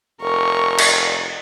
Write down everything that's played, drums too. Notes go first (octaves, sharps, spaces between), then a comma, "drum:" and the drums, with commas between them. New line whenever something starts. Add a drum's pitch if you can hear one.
F1 A#4 C#6
drum: cymbal